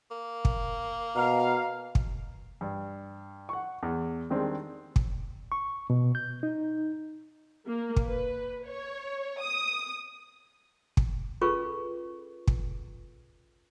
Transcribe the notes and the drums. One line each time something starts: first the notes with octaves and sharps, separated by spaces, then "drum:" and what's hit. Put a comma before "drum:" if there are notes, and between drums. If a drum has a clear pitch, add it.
A#3
drum: kick
B2 F5 A#5
drum: kick
G2
F#5 C#6
E2
D#3 G3 G#3 C4 D4
drum: kick
C#6
B2
G6
D#4
A#3
drum: kick
B4
C#5
D#6
drum: kick
C#4 F4 G#4 A4 B4 C#6
drum: kick